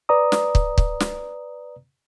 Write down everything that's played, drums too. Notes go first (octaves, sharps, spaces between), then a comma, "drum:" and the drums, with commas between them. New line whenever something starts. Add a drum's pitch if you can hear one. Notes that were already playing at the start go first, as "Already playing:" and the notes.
B4 D5 A#5 D#6
drum: snare
drum: kick
drum: kick
drum: snare